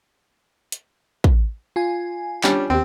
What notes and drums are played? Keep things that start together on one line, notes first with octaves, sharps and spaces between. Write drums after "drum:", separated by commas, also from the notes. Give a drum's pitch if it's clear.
drum: hi-hat
drum: kick
F4 G#5
G3 C#4 D4, drum: clap
D#2 C4 G4